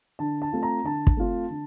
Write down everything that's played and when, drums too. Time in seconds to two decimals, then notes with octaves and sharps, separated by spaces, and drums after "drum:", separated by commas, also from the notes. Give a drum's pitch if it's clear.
0.19 D3 A5
0.42 A5
0.52 A3 C4 F4
0.63 A#5
0.84 D3 A5
1.07 drum: kick
1.17 A3 C4 F4
1.50 D3